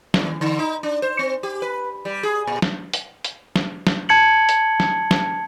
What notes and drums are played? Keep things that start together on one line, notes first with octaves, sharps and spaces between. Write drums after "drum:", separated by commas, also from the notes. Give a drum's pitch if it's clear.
D#2, drum: snare
D3
D#4
D4
C5
C4
G4
B4
G3
G#4
A#2
drum: snare
drum: hi-hat
drum: hi-hat
drum: snare
drum: snare
A5 G#6 C#7 F#7
drum: hi-hat
drum: snare
drum: snare